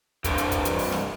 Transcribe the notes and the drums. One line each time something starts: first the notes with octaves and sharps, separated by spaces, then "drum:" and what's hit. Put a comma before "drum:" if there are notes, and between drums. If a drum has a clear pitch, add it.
C2 G2, drum: kick, hi-hat
drum: hi-hat
drum: kick, hi-hat
drum: hi-hat
drum: open hi-hat
drum: snare